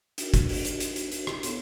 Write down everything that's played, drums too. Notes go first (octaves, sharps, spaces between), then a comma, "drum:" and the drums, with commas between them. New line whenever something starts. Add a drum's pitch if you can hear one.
D4 F#4 A#4, drum: hi-hat
drum: kick, hi-hat
drum: open hi-hat
drum: hi-hat
drum: hi-hat
drum: hi-hat
drum: hi-hat
drum: rim click
B3 E4 A4 C#5 F5, drum: hi-hat